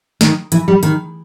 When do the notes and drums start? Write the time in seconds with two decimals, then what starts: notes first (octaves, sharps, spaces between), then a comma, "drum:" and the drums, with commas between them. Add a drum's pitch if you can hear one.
0.21 D#3, drum: snare
0.52 E3, drum: hi-hat
0.68 G3
0.83 D#3, drum: hi-hat